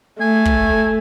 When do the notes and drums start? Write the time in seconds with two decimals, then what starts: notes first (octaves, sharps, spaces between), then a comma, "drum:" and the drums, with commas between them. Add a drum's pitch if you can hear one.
0.21 A3 G#5
0.45 drum: kick